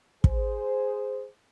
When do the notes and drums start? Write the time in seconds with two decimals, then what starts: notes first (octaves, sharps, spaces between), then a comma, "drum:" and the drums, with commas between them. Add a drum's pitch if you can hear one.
0.24 G#4 C5, drum: kick